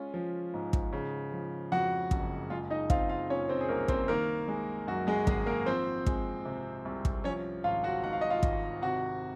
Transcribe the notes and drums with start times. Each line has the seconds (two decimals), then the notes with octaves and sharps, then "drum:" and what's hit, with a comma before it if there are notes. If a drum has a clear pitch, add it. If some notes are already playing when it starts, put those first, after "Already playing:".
Already playing: G#3 C#4 F4
0.14 F3
0.54 G#2
0.73 drum: kick
0.93 C#3
1.32 F3
1.72 F2 F#4 F#5
2.11 F#1, drum: kick
2.50 G#3 F4 F5
2.70 D#4 D#5
2.90 C4 F4 F5, drum: kick
3.09 F4 F5
3.30 A#2 C#4 C#5
3.49 C4 C5
3.61 G#4
3.69 C2 A#3 A#4
3.88 C4 C5, drum: kick
4.08 D#3 A#3 A#4
4.48 G#3
4.87 F#2 F#4
5.07 G#3 G#4
5.27 G#1 G#3 G#4, drum: kick
5.46 A#3 A#4
5.66 F3 C4 C5
6.06 G#3, drum: kick
6.45 C3
6.85 C2
7.05 drum: kick
7.24 F3 C#4 C#5
7.64 G#1 F4 F5
7.84 F#4 F#5
8.04 G#2 F#5
8.13 F5
8.21 D#5
8.30 F4 F5
8.43 G#1, drum: kick
8.82 C3 F#4 F#5